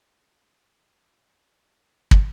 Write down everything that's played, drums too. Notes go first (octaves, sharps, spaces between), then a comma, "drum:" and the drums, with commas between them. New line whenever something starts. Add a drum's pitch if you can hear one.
F#4 G#4
drum: kick